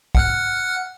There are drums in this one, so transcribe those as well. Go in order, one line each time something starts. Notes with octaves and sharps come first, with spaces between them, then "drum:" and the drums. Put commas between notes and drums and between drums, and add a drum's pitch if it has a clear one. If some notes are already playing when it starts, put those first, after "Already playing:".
F#5 F6 F#6, drum: kick